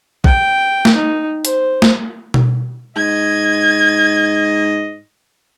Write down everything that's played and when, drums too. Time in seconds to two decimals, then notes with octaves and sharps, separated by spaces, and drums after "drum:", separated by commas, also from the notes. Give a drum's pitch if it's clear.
0.24 G5, drum: kick A#1
0.85 drum: snare
0.95 D#4
1.45 C5, drum: hi-hat
1.82 drum: snare
2.34 drum: tom B2
2.96 G#2 D#5 G#6